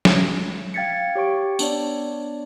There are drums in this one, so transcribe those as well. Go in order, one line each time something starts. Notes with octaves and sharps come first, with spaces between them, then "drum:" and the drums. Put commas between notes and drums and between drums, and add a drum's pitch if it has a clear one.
drum: snare
F5 G5 G#6 A6 B6 C#7
G4 C#5 G5 C#6 D7
B3 D4 C#5 D5, drum: tambourine